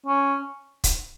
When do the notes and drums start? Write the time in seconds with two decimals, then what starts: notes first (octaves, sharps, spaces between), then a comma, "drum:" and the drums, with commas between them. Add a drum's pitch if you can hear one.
0.06 C#4
0.84 drum: kick C#1, hi-hat